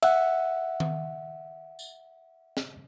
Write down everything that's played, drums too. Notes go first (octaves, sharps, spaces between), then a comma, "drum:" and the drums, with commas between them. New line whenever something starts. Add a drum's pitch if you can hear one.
E5 F#5, drum: cymbal
drum: tom D#3
drum: tambourine
drum: snare